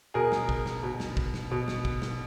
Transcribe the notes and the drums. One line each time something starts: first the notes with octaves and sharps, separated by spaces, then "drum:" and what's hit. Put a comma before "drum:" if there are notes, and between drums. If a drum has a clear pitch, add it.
B2 G#4 A#4
drum: snare
drum: kick
drum: snare
B2
drum: snare
drum: kick
drum: snare
B2
drum: snare
drum: kick
drum: snare